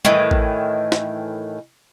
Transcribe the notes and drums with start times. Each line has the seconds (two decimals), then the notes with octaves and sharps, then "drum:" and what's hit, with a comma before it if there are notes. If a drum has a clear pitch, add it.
0.05 A2 D#3 E3, drum: tom G3
0.31 drum: kick A1
0.92 drum: snare